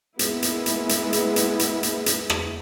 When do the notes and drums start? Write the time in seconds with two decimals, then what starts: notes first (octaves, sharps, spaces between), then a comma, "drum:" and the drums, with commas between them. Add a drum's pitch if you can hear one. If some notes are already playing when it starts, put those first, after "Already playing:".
0.19 G#3 A#3 B3 E4, drum: hi-hat
0.43 drum: hi-hat
0.66 drum: hi-hat
0.89 drum: hi-hat
1.13 drum: hi-hat
1.36 drum: hi-hat
1.59 drum: hi-hat
1.83 drum: hi-hat
2.06 drum: hi-hat
2.30 drum: rim click